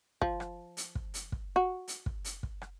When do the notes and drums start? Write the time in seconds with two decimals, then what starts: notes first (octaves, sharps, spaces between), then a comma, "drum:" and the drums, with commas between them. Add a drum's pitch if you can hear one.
0.22 F3, drum: kick
0.40 drum: rim click
0.77 drum: hi-hat
0.95 drum: kick
1.14 drum: hi-hat
1.32 drum: kick
1.56 F#4
1.88 drum: hi-hat
2.06 drum: kick
2.25 drum: hi-hat
2.43 drum: kick
2.62 drum: rim click